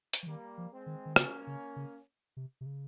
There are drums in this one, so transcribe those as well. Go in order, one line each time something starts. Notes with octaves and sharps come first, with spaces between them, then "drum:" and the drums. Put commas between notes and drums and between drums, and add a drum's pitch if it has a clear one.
drum: hi-hat
F3
D#3 G3 A#3
F3
G#3 C4
D#3
D#3
C#3 A#3 C#4, drum: rim click
C#3
C#3
C3
C3
C#3